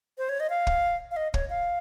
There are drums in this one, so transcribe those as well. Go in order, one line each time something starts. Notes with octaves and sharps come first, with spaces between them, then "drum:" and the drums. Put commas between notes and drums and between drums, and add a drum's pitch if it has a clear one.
C5
C#5
D#5
F5
drum: kick
F5
D#5
C#5, drum: kick
F5